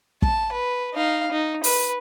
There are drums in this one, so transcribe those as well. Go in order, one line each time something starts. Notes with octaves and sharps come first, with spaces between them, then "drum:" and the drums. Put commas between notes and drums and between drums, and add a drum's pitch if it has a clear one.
A5, drum: kick
B4
D#4 F5
D#4
B4, drum: open hi-hat